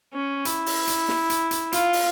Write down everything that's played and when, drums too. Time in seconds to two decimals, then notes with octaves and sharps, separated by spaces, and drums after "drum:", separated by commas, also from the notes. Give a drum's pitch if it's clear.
0.13 C#4
0.45 E4, drum: hi-hat
0.66 drum: open hi-hat
0.87 drum: hi-hat
1.09 drum: snare
1.30 drum: hi-hat
1.51 drum: hi-hat
1.72 F4, drum: hi-hat
1.93 drum: open hi-hat